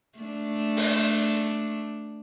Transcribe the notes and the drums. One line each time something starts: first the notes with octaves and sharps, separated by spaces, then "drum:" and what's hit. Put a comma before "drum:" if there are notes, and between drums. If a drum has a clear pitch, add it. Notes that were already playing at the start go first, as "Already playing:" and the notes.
A3 D4
drum: open hi-hat